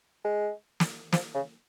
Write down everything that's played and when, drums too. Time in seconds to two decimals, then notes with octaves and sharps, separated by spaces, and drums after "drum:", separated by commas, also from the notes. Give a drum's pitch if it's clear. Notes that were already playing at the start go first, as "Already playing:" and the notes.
0.25 G#3
0.80 drum: snare
1.13 F3, drum: snare
1.34 C#3